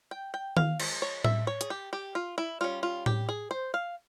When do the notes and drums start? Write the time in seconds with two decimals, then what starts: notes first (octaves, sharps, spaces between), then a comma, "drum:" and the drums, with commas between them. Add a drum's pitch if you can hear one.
0.11 G5
0.34 G5
0.57 F5, drum: tom D#3
0.80 F3 G#3, drum: cymbal
1.02 C#5
1.24 E5, drum: tom A2
1.47 C#5
1.61 G#4, drum: hi-hat
1.70 G4
1.93 G4
2.15 F4
2.38 E4
2.61 G3 C#4 F4
2.83 F4
3.06 G4, drum: tom A2
3.29 G#4
3.51 C5
3.74 F5